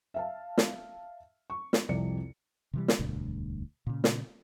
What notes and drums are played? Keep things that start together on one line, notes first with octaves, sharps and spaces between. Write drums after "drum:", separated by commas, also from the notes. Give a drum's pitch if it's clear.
E5 F5 A5
drum: snare
C#6
drum: snare
C2 F2 C3 D5 C#7
C3 E3 G3
drum: snare
E1 D2 G2 B2
A#2 C#3
drum: snare